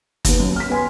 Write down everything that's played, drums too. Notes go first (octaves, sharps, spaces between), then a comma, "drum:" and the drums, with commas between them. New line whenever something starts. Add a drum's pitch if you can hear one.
D#2 B3, drum: kick, hi-hat
F#2
F6 B6
B3 G#5 C6